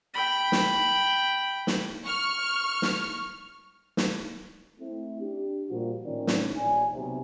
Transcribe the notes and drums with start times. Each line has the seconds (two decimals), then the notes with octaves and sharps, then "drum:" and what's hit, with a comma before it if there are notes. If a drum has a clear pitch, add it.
0.14 G5 B5
0.52 drum: snare
1.67 drum: snare
2.06 C#6 F6
2.82 drum: snare
3.97 drum: snare
4.79 A3 C4 E4
5.21 D4 G4
5.70 A#2 F3 G3 A#3 F#4
6.04 A2 D#3 F3 C#4 D4 D5
6.27 drum: snare
6.57 A#1 D#2 D5 G#5
6.93 B1 C3